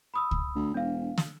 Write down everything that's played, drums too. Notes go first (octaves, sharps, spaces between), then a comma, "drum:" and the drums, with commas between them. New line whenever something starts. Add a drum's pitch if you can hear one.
B5 D#6 E6
drum: kick C#2
D2
E1 D4 F5
drum: snare